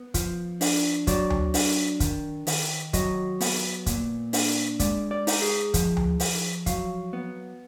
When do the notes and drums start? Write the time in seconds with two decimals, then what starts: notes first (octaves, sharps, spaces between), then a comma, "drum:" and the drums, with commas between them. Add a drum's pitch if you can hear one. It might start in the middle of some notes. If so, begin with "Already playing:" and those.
Already playing: B3
0.14 F3, drum: kick, hi-hat
0.61 D4, drum: open hi-hat
1.07 F#3 D5, drum: kick, hi-hat
1.30 drum: tom D2
1.54 D4, drum: open hi-hat
2.00 D#3, drum: kick, hi-hat
2.47 D#3, drum: open hi-hat
2.93 F#3 D#5, drum: kick, hi-hat
3.41 B3, drum: open hi-hat
3.86 A#2, drum: kick, hi-hat
4.33 D4, drum: open hi-hat
4.80 G#3 D5, drum: kick, hi-hat
5.11 D5
5.27 D#4, drum: open hi-hat
5.42 G#4
5.74 F3, drum: kick, hi-hat
5.97 drum: tom D2
6.20 F3, drum: open hi-hat
6.66 F#3 F5, drum: kick, hi-hat
7.13 B3